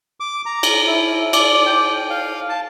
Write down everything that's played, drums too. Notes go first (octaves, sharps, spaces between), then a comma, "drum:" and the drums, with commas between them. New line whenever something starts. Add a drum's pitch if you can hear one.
D6
A#5
drum: cymbal
E4
D5, drum: cymbal
G5
F5
A5